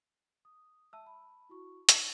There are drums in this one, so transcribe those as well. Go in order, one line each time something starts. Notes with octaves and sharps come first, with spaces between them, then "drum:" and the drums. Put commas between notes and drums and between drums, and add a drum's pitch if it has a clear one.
D#6
E5 A5 E6
B5
E4 F#4 C#6
D#4, drum: hi-hat